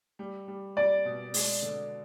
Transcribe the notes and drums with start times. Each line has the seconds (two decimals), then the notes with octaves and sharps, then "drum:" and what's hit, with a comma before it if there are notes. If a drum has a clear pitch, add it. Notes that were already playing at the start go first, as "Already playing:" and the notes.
0.19 G3
0.48 G3
0.76 G3 D5
1.05 B2
1.34 G#3, drum: open hi-hat
1.62 D3